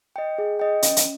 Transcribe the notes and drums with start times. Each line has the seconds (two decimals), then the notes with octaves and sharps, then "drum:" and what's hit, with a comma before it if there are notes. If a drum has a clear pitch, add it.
0.16 D#5 G5
0.38 G#4
0.59 D#5 G5
0.83 C#4, drum: hi-hat
0.97 drum: hi-hat